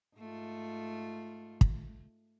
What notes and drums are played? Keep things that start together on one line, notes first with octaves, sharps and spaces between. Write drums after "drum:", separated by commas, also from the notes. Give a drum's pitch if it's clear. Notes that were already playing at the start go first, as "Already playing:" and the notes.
G#2 A3 F4
drum: kick